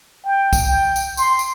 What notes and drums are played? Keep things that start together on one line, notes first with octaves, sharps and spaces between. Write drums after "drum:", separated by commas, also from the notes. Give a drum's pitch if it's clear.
G5
drum: kick, tambourine
G5
drum: tambourine
C6, drum: tambourine
drum: tambourine